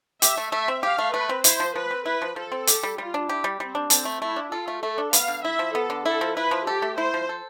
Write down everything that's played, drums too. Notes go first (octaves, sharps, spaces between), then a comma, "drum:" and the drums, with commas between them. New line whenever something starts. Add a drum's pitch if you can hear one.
G4 E5, drum: hi-hat
A3
A3 E5
C4
G4 F5
A3
A3 B4
C4
E4 C5, drum: hi-hat
F3
F3 B4
C4
E4 B4
F3
F3 A4
C4
G4, drum: hi-hat
G3
G3 F4
D4
E4 G4
G3
G3 C4
D4
C4 A4, drum: hi-hat
A3
A3 E4
D4
F4 A4
A3
A3 A4
D4
B3 F5, drum: hi-hat
D3
E4 E5
F3
B3 A4
D3
E4 A4
F3
E4 B4
F3
G4 A4
A3
E4 C5
F3
A4